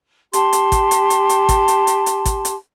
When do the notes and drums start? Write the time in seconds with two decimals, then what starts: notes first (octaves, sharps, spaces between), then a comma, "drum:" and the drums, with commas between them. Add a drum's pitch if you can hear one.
0.33 G4 A5 C6, drum: hi-hat
0.53 drum: hi-hat
0.72 drum: kick, hi-hat
0.91 drum: hi-hat
1.10 drum: hi-hat
1.29 drum: hi-hat
1.49 drum: kick, hi-hat
1.68 drum: hi-hat
1.87 drum: hi-hat
2.06 drum: hi-hat
2.25 drum: kick, hi-hat
2.45 drum: hi-hat